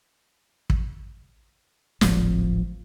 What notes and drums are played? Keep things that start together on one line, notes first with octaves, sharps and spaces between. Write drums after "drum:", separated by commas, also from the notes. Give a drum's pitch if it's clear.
drum: kick
D1 G#1 F3, drum: snare